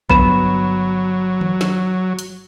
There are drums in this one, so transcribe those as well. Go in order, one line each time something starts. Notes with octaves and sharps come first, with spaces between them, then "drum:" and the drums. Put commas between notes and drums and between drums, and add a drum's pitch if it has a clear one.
G1 F#3 B3 B5 E7, drum: kick A#1
drum: tom D#3
drum: snare
drum: hi-hat